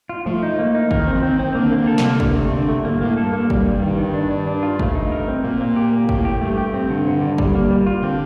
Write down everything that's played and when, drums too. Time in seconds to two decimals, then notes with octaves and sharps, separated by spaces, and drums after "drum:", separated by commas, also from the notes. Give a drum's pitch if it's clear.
0.09 F4
0.26 F3 A3
0.43 D#4
0.59 A#3
0.75 D#4
0.91 D#3 A#4, drum: kick
1.07 C4
1.15 F3
1.23 D#3 C4
1.39 C4
1.55 D3 A#3
1.72 A#3
1.78 D3
1.87 A4
1.98 C3, drum: snare
2.04 A#3
2.20 D3, drum: kick
2.36 A3
2.52 D3
2.69 A3
2.85 A2 A#3
2.93 G2
3.01 A2 A#3
3.17 G2 A4
3.33 A#3
3.50 G2 G3, drum: kick
3.66 G3
3.83 D#3
3.98 D#3
4.14 D4
4.31 D4
4.47 D4
4.63 F4
4.79 A3, drum: kick
4.95 D#4
5.12 A#4
5.28 C4
5.44 A#2 A#3
5.61 A#3
5.76 G4
5.93 A#3
6.09 A2 G4, drum: kick
6.25 G4
6.41 G2 A3
6.58 G4
6.74 C4
6.90 D3
7.06 D3
7.22 D3
7.38 G2 G3, drum: kick
7.55 A#3
7.70 G3
7.86 F4
8.03 D3 C4